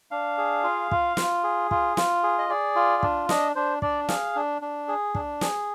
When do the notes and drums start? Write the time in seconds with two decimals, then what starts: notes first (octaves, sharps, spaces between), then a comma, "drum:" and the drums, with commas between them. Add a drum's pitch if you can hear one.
0.11 D4 F5
0.38 G#4
0.64 F4
0.91 F4, drum: kick
1.17 F4, drum: snare
1.44 G#4
1.71 F4, drum: kick
1.97 F4, drum: snare
2.23 G#4
2.39 D#5
2.49 G#4 D5
2.76 F4
3.03 D4, drum: kick
3.29 D4 D#5, drum: snare
3.55 D4 C5
3.82 D4 D5, drum: kick
4.09 G#4 F5, drum: snare
4.36 D4
4.62 D4
4.88 G#4
5.15 D4, drum: kick
5.41 G#4, drum: snare